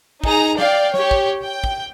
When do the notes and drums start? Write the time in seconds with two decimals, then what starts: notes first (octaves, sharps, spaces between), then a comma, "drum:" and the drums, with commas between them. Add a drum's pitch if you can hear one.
0.24 D#4 G#4 A#5, drum: kick
0.58 D5 F5 G5, drum: snare
0.94 G4 C#5, drum: snare
1.11 drum: kick
1.44 G5
1.64 drum: kick